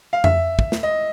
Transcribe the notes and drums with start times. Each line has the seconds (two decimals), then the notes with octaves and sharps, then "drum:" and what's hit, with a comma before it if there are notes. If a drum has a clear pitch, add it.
0.13 F5
0.24 E5, drum: tom F2
0.59 drum: kick
0.72 drum: snare
0.83 D#5